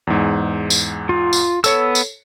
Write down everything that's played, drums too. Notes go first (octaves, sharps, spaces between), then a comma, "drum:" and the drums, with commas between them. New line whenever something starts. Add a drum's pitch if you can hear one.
E2 G#2
drum: tambourine
F4
drum: tambourine
B3 A4 C#5 E6 C#7, drum: tambourine
drum: tambourine